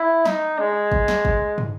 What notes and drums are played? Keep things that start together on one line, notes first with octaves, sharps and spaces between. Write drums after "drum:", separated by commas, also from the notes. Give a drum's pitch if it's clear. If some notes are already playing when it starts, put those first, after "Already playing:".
Already playing: E4
D#4, drum: snare
G#3
drum: kick
drum: snare
drum: kick
drum: tom